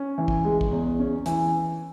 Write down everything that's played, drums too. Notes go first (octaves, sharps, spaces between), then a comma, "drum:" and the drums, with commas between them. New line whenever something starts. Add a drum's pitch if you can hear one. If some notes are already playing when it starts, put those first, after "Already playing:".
Already playing: C#4
E3
drum: kick
G#3
drum: kick
E2
C#4
E3, drum: hi-hat